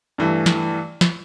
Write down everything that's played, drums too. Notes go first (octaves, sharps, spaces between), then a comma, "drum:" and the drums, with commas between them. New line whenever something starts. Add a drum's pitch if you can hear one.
G2 E3 A3
drum: snare
drum: snare